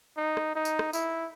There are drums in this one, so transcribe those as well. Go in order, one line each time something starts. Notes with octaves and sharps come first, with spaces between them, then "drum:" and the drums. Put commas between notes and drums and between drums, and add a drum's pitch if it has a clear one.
D#4
drum: rim click
D#4
drum: tambourine
drum: rim click
E4, drum: tambourine